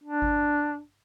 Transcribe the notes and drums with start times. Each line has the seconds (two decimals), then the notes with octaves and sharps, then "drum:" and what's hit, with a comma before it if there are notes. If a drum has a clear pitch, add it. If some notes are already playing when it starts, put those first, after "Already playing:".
0.03 D4
0.22 drum: kick G#1